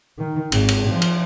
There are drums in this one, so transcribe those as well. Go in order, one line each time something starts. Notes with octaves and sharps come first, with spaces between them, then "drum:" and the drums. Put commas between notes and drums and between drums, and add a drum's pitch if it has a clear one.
D#3
G#1, drum: cymbal
drum: cymbal
F3
drum: cymbal